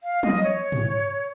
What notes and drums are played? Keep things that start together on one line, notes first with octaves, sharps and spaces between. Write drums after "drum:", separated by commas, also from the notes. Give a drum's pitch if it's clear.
F5
D#5, drum: tom
C#5
drum: tom